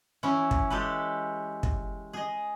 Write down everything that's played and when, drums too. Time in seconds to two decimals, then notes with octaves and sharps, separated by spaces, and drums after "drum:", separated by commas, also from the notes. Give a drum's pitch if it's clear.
0.23 E3 C#4 E4
0.51 drum: kick
0.70 G#3 G4 A4 B4
1.63 drum: kick
2.13 G#4 D#5